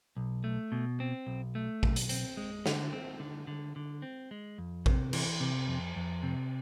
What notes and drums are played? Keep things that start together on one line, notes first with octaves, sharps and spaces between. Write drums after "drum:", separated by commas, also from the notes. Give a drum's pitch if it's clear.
B1
A3
B2
C4
B1
A3
B1, drum: kick A1
drum: hi-hat
C4, drum: hi-hat
G#3
D3, drum: snare
C4
D3
D3
D3
C4
G#3
F2
C3, drum: kick A1
E3, drum: cymbal
C3
F2
F2
C3